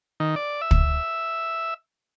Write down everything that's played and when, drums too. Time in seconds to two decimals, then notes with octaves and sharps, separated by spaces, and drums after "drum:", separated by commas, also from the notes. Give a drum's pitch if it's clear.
0.20 D#3
0.36 D5
0.61 E5
0.71 drum: kick